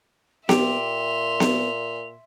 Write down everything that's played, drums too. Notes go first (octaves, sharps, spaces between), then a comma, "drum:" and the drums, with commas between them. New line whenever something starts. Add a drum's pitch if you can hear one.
A#2 G4 E5 C6 F7, drum: snare B3
drum: snare B3